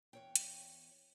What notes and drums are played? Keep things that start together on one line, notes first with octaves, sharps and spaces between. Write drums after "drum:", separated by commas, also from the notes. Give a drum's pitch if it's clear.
E2 C#5 G5
drum: hi-hat